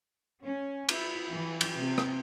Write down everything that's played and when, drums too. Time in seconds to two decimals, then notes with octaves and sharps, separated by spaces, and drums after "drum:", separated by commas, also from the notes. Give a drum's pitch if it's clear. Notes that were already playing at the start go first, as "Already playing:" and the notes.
0.43 C#4
0.89 E4, drum: cymbal
1.31 E3
1.61 drum: cymbal
1.79 C3
1.98 drum: rim click